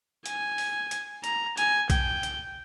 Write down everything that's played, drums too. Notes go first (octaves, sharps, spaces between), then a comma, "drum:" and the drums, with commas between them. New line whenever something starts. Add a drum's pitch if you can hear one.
G#5, drum: hi-hat
drum: open hi-hat
drum: hi-hat
A#5, drum: hi-hat
G#5, drum: hi-hat
G5, drum: kick B1, hi-hat
drum: hi-hat